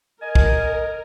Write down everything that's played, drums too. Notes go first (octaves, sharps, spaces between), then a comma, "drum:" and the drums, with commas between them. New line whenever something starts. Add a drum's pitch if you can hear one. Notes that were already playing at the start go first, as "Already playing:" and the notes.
A#4 D#5 G#5
drum: kick